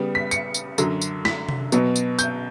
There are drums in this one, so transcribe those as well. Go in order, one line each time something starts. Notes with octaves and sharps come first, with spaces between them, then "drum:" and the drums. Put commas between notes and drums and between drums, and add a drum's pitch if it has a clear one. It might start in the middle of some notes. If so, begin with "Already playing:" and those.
Already playing: C#3 G3 B3
B6
C#7, drum: tambourine
drum: tambourine
F#2 D3 F#3, drum: tambourine
drum: tambourine
B6, drum: snare
drum: tom C3
B2 F#3 B3, drum: tambourine
drum: tambourine
G6, drum: tambourine